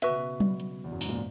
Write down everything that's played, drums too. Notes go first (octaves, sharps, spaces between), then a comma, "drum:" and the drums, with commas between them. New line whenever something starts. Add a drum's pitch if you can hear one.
B2 F#4 B4 E5, drum: hi-hat
C#3
B2
drum: tom F#3
drum: hi-hat
E2
F#2
G#2, drum: open hi-hat
A#2